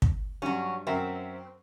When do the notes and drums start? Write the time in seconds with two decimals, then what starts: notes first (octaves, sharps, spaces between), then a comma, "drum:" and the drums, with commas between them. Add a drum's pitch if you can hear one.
0.02 drum: kick
0.42 G2 F#3 C#4
0.87 F#2 C4 A#4 E5